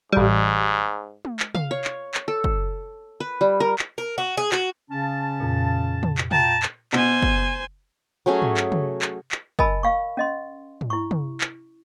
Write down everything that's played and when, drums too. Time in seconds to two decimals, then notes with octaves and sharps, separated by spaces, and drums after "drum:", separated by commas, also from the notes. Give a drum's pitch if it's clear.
0.12 A1 G#2 G3
1.25 drum: tom
1.40 drum: clap
1.55 F5, drum: tom
1.71 C#5
1.84 drum: clap
2.14 drum: clap
2.28 A4
2.44 drum: kick
3.20 B4
3.41 G3
3.60 A#4
3.79 drum: clap
3.98 A#4
4.18 F#4
4.37 G#4
4.52 F#4, drum: clap
4.90 C#3 C#4 A5
5.40 F2 A#2
6.03 drum: tom
6.18 drum: clap
6.31 F4 G5 A5 A#5, drum: tom
6.63 drum: clap
6.93 B2 C5 G#5, drum: clap
7.22 drum: kick
8.26 F#3 A3 C#4 G#4
8.42 drum: tom
8.57 drum: clap
8.72 drum: tom
9.02 drum: clap
9.32 drum: clap
9.59 A#4 D#5 G#5 A5 B5 E6, drum: kick
9.83 F5 C#6
10.17 C#4 D#5 C6
10.81 drum: tom
10.90 E4 C#6
11.11 drum: tom
11.41 drum: clap